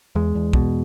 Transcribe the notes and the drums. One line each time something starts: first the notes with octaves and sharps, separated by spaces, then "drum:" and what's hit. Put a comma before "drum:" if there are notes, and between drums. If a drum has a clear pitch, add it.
E2 G#3
E2
B2, drum: kick